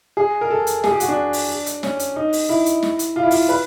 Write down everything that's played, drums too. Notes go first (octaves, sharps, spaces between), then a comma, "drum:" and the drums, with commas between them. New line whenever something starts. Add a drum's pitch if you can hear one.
G#4
A#4
A4
drum: hi-hat
G#4, drum: snare
G4
F#4, drum: hi-hat
D4
drum: open hi-hat
drum: hi-hat
C#4, drum: snare
drum: hi-hat
D#4
drum: open hi-hat
E4
drum: hi-hat
drum: snare
drum: hi-hat
F4
E4
F4, drum: open hi-hat
B4